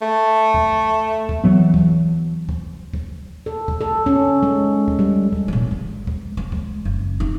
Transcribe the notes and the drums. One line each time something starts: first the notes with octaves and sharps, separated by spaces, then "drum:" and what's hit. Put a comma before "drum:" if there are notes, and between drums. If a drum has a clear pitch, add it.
A3
drum: kick
drum: kick
E3 F#3 B3
drum: kick
drum: kick
drum: kick
A4
drum: kick
A4
C#4
G#3
drum: kick
G3
drum: kick
A#2 D#3
G#3
drum: kick
G#3
drum: kick
F#1
D#4